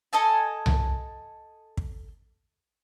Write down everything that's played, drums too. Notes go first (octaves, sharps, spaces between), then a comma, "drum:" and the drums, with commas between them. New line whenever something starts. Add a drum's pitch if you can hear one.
A4 D#5 G#5 A5
drum: tom C2
drum: kick